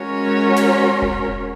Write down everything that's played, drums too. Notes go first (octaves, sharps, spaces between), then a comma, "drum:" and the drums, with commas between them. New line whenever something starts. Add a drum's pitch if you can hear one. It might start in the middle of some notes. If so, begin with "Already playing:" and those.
Already playing: G#3 C#4 F#4 A#4 C#5
drum: snare
drum: kick E1